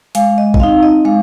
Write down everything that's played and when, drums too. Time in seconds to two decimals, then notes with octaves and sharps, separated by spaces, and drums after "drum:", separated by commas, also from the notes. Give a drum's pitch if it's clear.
0.15 G#3 F5, drum: hi-hat
0.38 D#5
0.54 D#5, drum: kick
0.60 C4 D#4 F5
0.83 D#5
1.05 G#3 F5